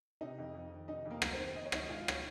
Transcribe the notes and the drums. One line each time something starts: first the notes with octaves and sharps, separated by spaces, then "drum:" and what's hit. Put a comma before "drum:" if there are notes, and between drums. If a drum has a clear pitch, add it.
C3 D#4 D#5
F2
F2
D#3
C3 D#4 D#5
F2
A#3 A#4
F2, drum: rim click
C4 C5
D#3
D#3 D#5
C#5
D#3 D#4 D#5, drum: rim click
G#2 F4 F5
C#5, drum: rim click